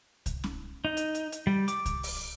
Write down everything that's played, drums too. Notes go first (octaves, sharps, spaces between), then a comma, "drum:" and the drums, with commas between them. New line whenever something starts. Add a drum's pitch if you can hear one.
drum: kick C2, hi-hat
drum: snare C#4
D#4
drum: hi-hat
drum: hi-hat
drum: hi-hat
G3
D6, drum: hi-hat
drum: kick C2, hi-hat
drum: open hi-hat